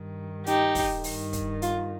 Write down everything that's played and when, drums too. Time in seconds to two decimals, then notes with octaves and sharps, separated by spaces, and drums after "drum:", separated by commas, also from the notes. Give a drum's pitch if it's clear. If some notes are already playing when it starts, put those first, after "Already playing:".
Already playing: G2 D#3
0.46 D#4 G4, drum: hi-hat
0.75 drum: kick, open hi-hat
1.04 G2 D#3, drum: open hi-hat
1.33 drum: kick, hi-hat
1.62 F4, drum: hi-hat